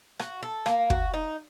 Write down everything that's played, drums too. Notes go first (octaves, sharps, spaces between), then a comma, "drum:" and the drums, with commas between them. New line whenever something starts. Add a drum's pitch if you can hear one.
F#4, drum: rim click
A4
A#3, drum: rim click
F#4, drum: kick
D#4